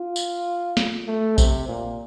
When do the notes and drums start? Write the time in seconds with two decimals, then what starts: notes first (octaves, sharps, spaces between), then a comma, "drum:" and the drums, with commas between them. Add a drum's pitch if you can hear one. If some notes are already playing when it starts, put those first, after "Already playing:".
Already playing: F4
0.16 drum: tambourine
0.77 drum: snare
1.07 A3
1.38 C3, drum: kick A#1, tambourine
1.68 A#2